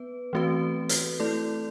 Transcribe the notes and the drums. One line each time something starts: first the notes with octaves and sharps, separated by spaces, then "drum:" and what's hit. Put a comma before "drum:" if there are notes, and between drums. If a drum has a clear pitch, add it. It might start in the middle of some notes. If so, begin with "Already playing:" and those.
Already playing: B3 B4
E3 A3 C4 F#4 B4
drum: hi-hat
A3 E4 A4 D5